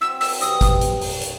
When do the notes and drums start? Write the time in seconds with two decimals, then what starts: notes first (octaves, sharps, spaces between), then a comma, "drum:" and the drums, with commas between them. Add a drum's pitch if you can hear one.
0.01 F#3 C4 E4 E6
0.21 E6, drum: open hi-hat
0.41 C3 E3 G3 D#6, drum: hi-hat
0.61 drum: kick, hi-hat
0.81 drum: hi-hat
1.01 drum: open hi-hat
1.21 drum: hi-hat